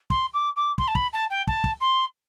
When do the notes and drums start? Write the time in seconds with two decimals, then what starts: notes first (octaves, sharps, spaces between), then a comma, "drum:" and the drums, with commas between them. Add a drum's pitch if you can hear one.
0.10 C6, drum: kick
0.34 D6
0.56 D6
0.78 C6, drum: kick
0.88 A5
0.95 B5, drum: kick
1.13 A5
1.30 G5
1.47 A5, drum: kick
1.64 drum: kick
1.81 C6